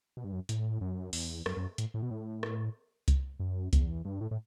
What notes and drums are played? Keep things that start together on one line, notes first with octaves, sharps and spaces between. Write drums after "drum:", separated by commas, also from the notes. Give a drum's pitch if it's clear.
B2
G2
F#2
A2, drum: hi-hat
F#2
E2, drum: open hi-hat
F#2, drum: rim click
F#2
A2, drum: hi-hat
A2
B2
A2
drum: rim click
drum: kick C2, hi-hat
F#2
E2, drum: kick C2, hi-hat
G2
A2
A2